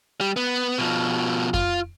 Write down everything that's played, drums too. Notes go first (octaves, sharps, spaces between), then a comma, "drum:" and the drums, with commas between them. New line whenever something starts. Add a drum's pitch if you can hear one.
G3
B3
B2 F3
F4, drum: kick F2